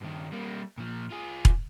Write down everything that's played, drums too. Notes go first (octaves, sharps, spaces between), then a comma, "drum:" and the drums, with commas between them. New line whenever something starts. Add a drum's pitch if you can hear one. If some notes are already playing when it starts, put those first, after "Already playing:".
G2 D#3
G3 A#3
A#2 F3
F4 G#4
drum: kick E1